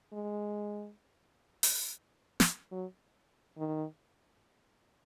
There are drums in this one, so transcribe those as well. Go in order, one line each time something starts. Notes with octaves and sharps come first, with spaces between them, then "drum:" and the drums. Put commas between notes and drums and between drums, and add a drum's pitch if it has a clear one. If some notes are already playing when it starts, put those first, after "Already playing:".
G#3
drum: open hi-hat
drum: snare
F#3
D#3